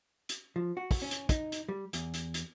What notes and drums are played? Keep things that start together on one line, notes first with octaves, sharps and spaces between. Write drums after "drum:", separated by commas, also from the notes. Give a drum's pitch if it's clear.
drum: hi-hat
F3
F#4
drum: kick, open hi-hat
C#4
drum: hi-hat
D#4, drum: kick, hi-hat
drum: hi-hat
G3
E2, drum: hi-hat
drum: hi-hat
drum: hi-hat